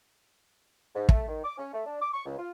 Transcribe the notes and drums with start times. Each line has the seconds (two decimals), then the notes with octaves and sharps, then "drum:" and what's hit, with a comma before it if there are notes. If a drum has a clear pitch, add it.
0.95 G#2
1.09 A3, drum: kick
1.28 D#3
1.44 D6
1.58 C#4
1.73 A3
1.86 D4
2.01 D6
2.13 C#6
2.26 C#2
2.38 F4